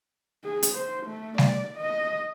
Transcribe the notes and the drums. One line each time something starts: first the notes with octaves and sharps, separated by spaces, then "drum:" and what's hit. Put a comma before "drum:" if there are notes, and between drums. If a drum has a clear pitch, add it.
G#4
drum: hi-hat
C5
A3
D5, drum: snare G3
D#5